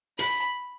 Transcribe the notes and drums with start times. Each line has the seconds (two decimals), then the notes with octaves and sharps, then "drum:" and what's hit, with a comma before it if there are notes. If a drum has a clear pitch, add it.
0.19 B5, drum: hi-hat